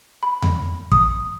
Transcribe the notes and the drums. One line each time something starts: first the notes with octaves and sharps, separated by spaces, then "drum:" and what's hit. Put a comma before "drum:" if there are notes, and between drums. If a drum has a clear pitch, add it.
B5
drum: tom E2
D#6, drum: kick